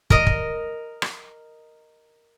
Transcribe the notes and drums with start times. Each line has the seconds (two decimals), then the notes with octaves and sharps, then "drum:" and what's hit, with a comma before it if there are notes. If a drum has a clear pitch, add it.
0.10 A#4 D#5, drum: kick
0.27 drum: kick
1.02 drum: rim click